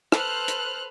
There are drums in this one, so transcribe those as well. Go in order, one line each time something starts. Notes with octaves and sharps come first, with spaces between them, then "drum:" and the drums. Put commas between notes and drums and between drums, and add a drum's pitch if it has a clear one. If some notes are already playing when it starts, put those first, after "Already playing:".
A4 B4 C5 F6 F#6, drum: rim click
drum: hi-hat